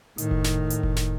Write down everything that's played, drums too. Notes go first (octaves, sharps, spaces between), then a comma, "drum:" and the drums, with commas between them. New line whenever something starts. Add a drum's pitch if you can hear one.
A2 D#3, drum: hi-hat
drum: kick F1
drum: snare
drum: hi-hat
drum: kick F1
drum: snare